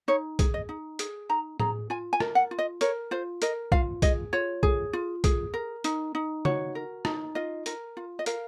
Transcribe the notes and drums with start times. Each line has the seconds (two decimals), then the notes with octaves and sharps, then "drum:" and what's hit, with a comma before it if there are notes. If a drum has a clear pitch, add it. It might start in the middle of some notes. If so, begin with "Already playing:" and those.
0.08 D#4 C#5
0.39 G#4, drum: kick, hi-hat
0.54 D#5
0.69 D#4
0.99 G#4, drum: hi-hat
1.29 D#4 A#5
1.60 G#4 A#5, drum: tom A2
1.90 F4 G#5
2.13 G#5
2.20 A#4, drum: rim click
2.35 F#5
2.51 F4
2.59 D#5
2.81 A#4 C#5, drum: hi-hat
3.11 F4 C5
3.42 A#4 D#5, drum: hi-hat
3.72 F4 F5, drum: kick
4.02 G#4 D#5, drum: kick, hi-hat
4.33 F4 C#5
4.63 G#4, drum: kick
4.93 F4
5.24 G#4, drum: kick, hi-hat
5.54 A#4
5.84 D#4, drum: hi-hat
6.15 D#4
6.45 F#4 C#5, drum: tom C#3
6.75 A#4
7.05 D#4, drum: rim click
7.35 F4 D#5
7.66 A#4, drum: hi-hat
7.97 F4
8.19 D#5
8.26 A#4 F5, drum: hi-hat